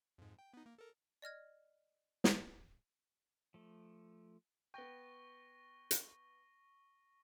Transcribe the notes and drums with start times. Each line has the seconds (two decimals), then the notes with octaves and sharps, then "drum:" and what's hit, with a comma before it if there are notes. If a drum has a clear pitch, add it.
0.18 F2 G#2
0.39 G5
0.54 B3 D#4
0.66 A#3
0.79 A4 A#4
1.22 D5 D#5 F6 G#6
2.24 drum: snare
3.54 F3 A3
4.74 B3 G5 C#6 A#6 G7
5.91 drum: hi-hat